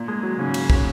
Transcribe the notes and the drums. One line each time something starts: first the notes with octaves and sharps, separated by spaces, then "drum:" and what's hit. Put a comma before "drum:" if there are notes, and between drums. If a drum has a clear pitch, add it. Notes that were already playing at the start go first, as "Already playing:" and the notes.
Already playing: A#2
G#3
F#3
G#2 C#3
drum: cymbal
drum: kick